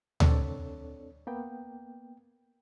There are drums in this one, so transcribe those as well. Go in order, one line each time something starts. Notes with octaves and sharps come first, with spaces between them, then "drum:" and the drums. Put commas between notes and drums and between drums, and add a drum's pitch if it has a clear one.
C4 D4 A4 C#5 D5, drum: tom D2
A#3 B3 G5